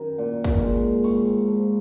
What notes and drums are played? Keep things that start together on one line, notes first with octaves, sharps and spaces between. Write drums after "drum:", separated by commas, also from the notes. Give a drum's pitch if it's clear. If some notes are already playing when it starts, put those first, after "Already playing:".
Already playing: F#2 D#3
A#2
drum: kick
G#3
G#2 C#6, drum: open hi-hat
F3